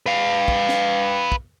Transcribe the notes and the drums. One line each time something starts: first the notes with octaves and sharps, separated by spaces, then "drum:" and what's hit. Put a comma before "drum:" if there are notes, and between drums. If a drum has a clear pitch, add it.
B4 F5
drum: kick
drum: snare
drum: kick